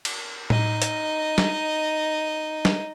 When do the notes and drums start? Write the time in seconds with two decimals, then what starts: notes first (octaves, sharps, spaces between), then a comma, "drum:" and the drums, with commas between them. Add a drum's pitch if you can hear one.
0.05 drum: cymbal
0.50 D#4 D#5, drum: tom A2
0.82 drum: hi-hat
1.38 drum: snare
2.65 drum: snare